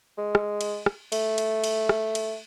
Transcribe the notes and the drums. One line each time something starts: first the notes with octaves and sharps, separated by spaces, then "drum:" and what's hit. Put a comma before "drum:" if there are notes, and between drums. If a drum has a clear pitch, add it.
G#3
drum: rim click
drum: cymbal
drum: rim click
A3, drum: cymbal
drum: cymbal
drum: cymbal
drum: rim click
drum: cymbal